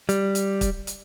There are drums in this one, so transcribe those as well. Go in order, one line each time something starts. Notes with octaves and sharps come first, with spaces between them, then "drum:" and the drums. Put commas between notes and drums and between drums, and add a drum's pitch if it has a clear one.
G3, drum: hi-hat
drum: hi-hat
drum: kick, hi-hat
drum: hi-hat